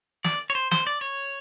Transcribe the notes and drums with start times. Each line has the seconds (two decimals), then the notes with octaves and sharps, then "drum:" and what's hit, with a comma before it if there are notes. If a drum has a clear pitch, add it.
0.24 D5, drum: snare
0.50 C#5
0.55 C5
0.72 C5, drum: snare
0.87 D5
1.01 C#5